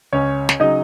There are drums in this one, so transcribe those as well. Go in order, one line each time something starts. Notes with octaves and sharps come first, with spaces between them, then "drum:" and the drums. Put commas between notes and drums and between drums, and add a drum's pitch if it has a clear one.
C#2 C#4 C#5
drum: snare
C#3 F#3 D#4 D#5